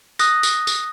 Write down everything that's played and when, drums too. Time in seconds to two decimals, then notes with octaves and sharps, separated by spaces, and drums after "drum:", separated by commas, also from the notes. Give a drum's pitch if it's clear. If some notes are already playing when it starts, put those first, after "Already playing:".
0.19 D#6 F#6 A#6, drum: tambourine
0.43 drum: tambourine
0.67 drum: tambourine